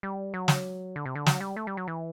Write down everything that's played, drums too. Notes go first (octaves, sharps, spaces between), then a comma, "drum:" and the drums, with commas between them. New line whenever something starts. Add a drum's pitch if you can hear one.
G3
F#3
drum: snare
D3
C3
D3
F#3, drum: snare
G3
A3
G3
F#3
E3